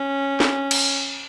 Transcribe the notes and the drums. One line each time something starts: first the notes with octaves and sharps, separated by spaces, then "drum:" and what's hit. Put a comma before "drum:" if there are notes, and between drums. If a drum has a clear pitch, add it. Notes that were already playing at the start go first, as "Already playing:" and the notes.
Already playing: C#4
drum: snare
drum: cymbal